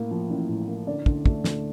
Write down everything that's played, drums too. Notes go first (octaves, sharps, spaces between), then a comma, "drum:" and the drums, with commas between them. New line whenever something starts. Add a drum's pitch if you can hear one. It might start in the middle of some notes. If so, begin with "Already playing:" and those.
Already playing: A2 A#3
F3
A1
A2
A#3
D3 D5
D2, drum: kick
A3, drum: kick
D2, drum: snare